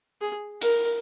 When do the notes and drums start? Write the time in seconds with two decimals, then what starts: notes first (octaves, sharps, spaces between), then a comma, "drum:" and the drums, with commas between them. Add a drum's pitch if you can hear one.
0.21 G#4
0.62 A#4, drum: hi-hat